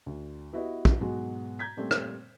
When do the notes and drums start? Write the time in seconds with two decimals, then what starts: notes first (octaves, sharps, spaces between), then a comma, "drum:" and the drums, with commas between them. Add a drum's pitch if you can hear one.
0.06 D2
0.53 B3 E4 F#4 G4 B4 D#5
0.85 drum: kick
1.01 G#2 B2 F#3 G#3 F#4
1.59 A#5 G6 G#6 B6
1.77 A#2 G3 A3 C4
1.91 drum: rim click